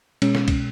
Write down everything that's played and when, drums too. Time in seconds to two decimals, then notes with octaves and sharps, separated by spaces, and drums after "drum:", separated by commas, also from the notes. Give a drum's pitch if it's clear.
0.22 B2 G#3 C#4, drum: cymbal
0.35 drum: snare
0.48 drum: kick C2, cymbal